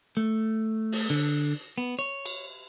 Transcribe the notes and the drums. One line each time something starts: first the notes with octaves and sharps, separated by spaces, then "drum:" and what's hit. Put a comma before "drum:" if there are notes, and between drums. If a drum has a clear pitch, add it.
A3
drum: open hi-hat
D3
B3
C#5
drum: cymbal